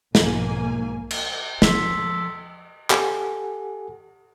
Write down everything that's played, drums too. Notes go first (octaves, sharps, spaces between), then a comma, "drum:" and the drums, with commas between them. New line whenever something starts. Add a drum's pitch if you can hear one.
B1 G#2 F3 A#3 G#5, drum: snare
drum: cymbal
F3 A4 C6 B6, drum: snare
G4 A4 F#5 G#5, drum: clap